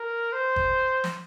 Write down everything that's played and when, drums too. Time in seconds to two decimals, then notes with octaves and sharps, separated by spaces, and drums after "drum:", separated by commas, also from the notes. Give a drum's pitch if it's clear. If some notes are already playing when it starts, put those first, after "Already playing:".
Already playing: A#4
0.33 C5
0.56 drum: kick G1
1.04 drum: snare